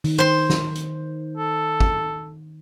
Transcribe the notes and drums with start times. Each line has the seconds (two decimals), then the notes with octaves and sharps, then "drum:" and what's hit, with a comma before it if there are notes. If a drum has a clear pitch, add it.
0.04 D#3, drum: open hi-hat
0.18 C5 C6
0.50 drum: snare
0.75 drum: hi-hat
1.37 A4
1.81 drum: kick